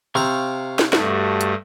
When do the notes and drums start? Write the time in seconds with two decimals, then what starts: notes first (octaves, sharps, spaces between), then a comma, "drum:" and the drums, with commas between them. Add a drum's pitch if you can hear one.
0.15 C3 C4 F5 A#5 C#6 F6
0.79 drum: snare
0.93 G2 A3 F#4 G4, drum: snare
1.41 drum: hi-hat